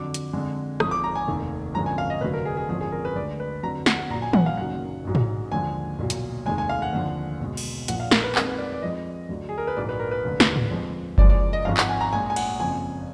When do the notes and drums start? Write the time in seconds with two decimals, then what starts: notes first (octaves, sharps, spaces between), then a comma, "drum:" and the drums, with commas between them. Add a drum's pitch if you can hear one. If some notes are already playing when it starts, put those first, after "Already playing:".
Already playing: F2 D3 F#3 D6
0.14 drum: hi-hat
0.33 F2 D3 G#3
0.80 G#1 G#2 F3 D#6, drum: rim click
0.91 D6
1.04 A#5
1.16 G#5
1.28 F1 D#2 D#3
1.74 G#1 F#2 D3 F3 G#3 A#5
1.86 G#5
1.98 F5
2.10 D#5
2.21 F1 D#2 D3 F#3 B4
2.34 A#4
2.45 G#4
2.57 G#4
2.69 G#1 F#2 D3 F3 G#3 G#4
2.81 G#4
2.92 A#4
3.05 B4
3.16 D2 D3 G#3 D5
3.40 B4
3.63 F2 D3 F#3 A#5
3.86 F#5, drum: snare
4.10 A#1 A#2 F#3 A#5
4.22 G#5
4.33 F#5, drum: tom
4.46 F5
4.57 F#1 F#2 D#3 F#3 F#5
5.05 A#1 G#2 F#3
5.15 drum: tom
5.52 D#2 D3 F3 G#3 G#5
5.99 B1 A#2 F#3
6.10 drum: hi-hat
6.46 F1 D#2 D#3 G#3 G#5
6.58 G#5
6.69 F5
6.82 F#5
6.93 D#2 D3 F3
7.40 B1 B2 G#3
7.57 drum: cymbal
7.88 A#1 A#2 F3 F#5, drum: hi-hat
8.00 F5
8.11 A#4, drum: snare
8.24 B4
8.35 F2 D#3 G#3 A#4, drum: clap
8.47 B4
8.58 D5
8.72 D5
8.82 F2 F3 G#3 D#5
9.29 D2 D3 F#3
9.49 G#4
9.58 A#4
9.67 B4
9.77 A#1 G#2 F#3 D5
9.89 B4
10.00 A#4
10.11 B4
10.24 F1 D#2 D3
10.40 drum: snare
10.56 drum: tom
10.71 F2 F3 G#3
11.18 F#1 F#2 F3 G#3 D5, drum: kick F#1
11.30 D5
11.53 D#5
11.65 G#1 G#2 F3 G#3 F5
11.77 F#5, drum: clap
11.89 G#5
12.01 A#5
12.13 A#1 A#2 G#3 G#5
12.30 G#5
12.36 F#5, drum: cymbal
12.59 F#1 F2 F3 G#5